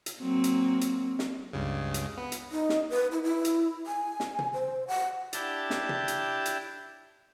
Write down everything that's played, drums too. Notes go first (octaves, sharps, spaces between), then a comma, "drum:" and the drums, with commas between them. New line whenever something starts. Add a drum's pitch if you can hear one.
drum: hi-hat
F#3 A#3 C4
drum: hi-hat
drum: hi-hat
drum: snare
C#2 G2 C#3
drum: hi-hat
B3
drum: hi-hat
D#4
drum: snare
B4
E4
E4
drum: hi-hat
G#5
drum: snare
drum: tom
C5
F#5
D4 E4 G4 A5 G6, drum: hi-hat
drum: snare
drum: tom
drum: hi-hat
drum: hi-hat